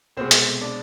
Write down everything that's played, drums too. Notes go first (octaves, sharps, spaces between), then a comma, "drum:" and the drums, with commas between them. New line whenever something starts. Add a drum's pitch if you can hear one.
C2 B2 G#3 C4 C5
drum: hi-hat
D4 D5